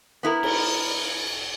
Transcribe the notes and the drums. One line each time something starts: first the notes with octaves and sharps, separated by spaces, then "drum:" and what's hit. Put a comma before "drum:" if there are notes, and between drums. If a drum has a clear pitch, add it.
B3 E4 A#4
drum: cymbal